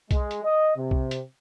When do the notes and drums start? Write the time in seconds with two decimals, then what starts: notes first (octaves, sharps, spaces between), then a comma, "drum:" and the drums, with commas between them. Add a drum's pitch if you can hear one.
0.11 G#3, drum: kick B1, hi-hat
0.31 drum: hi-hat
0.44 D#5
0.76 C3
0.91 drum: kick B1
1.11 drum: hi-hat